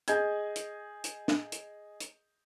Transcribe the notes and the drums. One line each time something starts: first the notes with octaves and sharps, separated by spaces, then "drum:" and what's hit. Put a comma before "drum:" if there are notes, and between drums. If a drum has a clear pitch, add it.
G#4 D#5 G6 G#6, drum: hi-hat
drum: hi-hat
drum: hi-hat
drum: snare
drum: hi-hat
drum: hi-hat